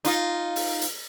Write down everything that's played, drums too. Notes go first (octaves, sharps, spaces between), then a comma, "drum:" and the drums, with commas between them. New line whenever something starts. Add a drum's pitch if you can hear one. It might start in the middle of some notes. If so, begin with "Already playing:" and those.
D#4 F4 D#5, drum: hi-hat
drum: open hi-hat
drum: hi-hat